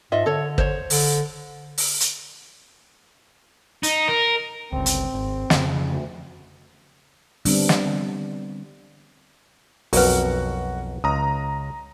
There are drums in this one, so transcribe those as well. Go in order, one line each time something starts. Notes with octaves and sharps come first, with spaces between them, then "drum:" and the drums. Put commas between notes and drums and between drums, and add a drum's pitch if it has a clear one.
G#2 F4 D#5 E5
D3 A4 C#5
C5 C#5, drum: kick
D3, drum: open hi-hat
drum: open hi-hat
drum: hi-hat
D#4, drum: hi-hat
A#4
G1 C#2 C4
drum: hi-hat
G#1
F2 C#3, drum: snare
D2
D3 G3 B3 C4 D4, drum: open hi-hat
drum: snare
B1 F2 F#4 A#4 B4 F#5, drum: open hi-hat
C#2 A#5 D#6